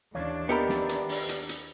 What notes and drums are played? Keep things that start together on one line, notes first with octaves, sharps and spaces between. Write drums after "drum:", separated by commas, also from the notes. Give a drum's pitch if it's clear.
D#2 E3 D4 C#5 D5 F5
B3 G4 A#4 D#5 E5 B5
drum: snare
drum: hi-hat
drum: open hi-hat
drum: hi-hat
drum: hi-hat